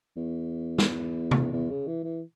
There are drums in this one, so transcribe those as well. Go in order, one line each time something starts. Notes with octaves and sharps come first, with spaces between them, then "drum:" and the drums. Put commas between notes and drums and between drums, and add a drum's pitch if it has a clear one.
E2
drum: snare
drum: tom C3
E2
C#3
E3
E3